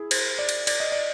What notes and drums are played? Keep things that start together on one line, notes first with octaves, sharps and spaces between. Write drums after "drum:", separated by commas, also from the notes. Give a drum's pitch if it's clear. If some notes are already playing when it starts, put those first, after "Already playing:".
Already playing: E4 G#4
C5, drum: cymbal
D5
drum: cymbal
D5, drum: cymbal
D#5
D5